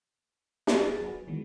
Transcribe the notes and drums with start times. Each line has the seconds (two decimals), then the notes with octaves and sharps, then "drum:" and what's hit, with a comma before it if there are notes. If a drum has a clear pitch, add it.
0.67 drum: snare
0.77 G#4 B4 G#5 A6
1.01 F#3 F#4 B4
1.28 D#3 E3 G#3 B3